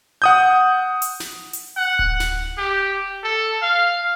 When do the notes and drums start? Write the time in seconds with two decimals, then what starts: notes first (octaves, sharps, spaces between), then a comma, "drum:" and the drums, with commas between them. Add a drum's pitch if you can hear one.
0.22 F#5 D#6 G6
1.02 drum: hi-hat
1.20 drum: snare
1.53 drum: hi-hat
1.77 F#5
1.99 drum: kick D1
2.20 drum: snare
2.58 G4
3.23 A4
3.62 F5